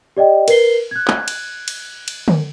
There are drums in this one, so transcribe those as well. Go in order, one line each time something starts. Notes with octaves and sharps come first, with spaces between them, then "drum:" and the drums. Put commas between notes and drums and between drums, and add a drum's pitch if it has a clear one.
G4 D5 D#5 G5
A#4 B4 C7 G7, drum: cymbal
F#6 G#6
drum: clap
drum: cymbal
drum: cymbal
drum: cymbal
drum: tom D3